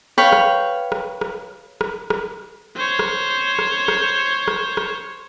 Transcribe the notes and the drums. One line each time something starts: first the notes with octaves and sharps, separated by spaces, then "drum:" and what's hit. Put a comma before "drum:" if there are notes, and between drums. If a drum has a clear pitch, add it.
B4 C#5 F5 G5
drum: rim click
drum: rim click
drum: rim click
drum: rim click
drum: rim click
C5 C#5
drum: rim click
drum: rim click
drum: rim click
drum: rim click
drum: rim click